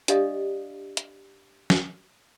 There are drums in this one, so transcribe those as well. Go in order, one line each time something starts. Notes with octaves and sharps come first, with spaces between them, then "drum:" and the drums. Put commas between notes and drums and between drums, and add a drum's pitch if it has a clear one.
D4 G4 D5 D#5 F5 D#6, drum: hi-hat
drum: hi-hat
drum: snare